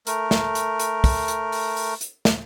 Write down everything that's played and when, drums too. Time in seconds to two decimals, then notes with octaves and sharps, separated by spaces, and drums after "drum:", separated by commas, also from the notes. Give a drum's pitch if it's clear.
0.07 A3 A#4, drum: hi-hat
0.31 drum: snare
0.55 drum: hi-hat
0.80 drum: hi-hat
1.04 drum: kick, open hi-hat
1.28 drum: hi-hat
1.52 drum: open hi-hat
1.77 drum: open hi-hat
2.01 drum: hi-hat
2.25 drum: snare